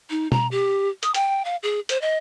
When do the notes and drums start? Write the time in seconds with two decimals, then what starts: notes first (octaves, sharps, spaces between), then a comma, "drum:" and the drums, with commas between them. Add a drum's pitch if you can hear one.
0.10 D#4
0.32 A#5, drum: tom B2
0.51 G4
1.03 D#6, drum: hi-hat
1.14 G5, drum: hi-hat
1.45 F5
1.63 G#4
1.89 C5, drum: hi-hat
2.01 D#5